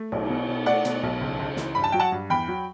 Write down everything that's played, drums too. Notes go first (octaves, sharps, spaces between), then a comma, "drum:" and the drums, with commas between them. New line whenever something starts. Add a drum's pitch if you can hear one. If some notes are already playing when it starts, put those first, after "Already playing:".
Already playing: A3
B1, drum: cymbal
B2
B2
A3 D5 F#5
B2, drum: hi-hat
B1
C#2
C#2
E3, drum: snare
G2 B5
A5
F#3 G5
F#5 A5
G2
E2 G5 B5
F#3